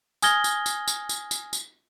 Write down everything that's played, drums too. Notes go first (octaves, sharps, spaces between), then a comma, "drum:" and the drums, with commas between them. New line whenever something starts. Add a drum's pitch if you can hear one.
G#5 D#6 F6 G#6 A#6 G7, drum: tambourine
drum: tambourine
drum: tambourine
drum: tambourine
drum: tambourine
drum: tambourine
drum: tambourine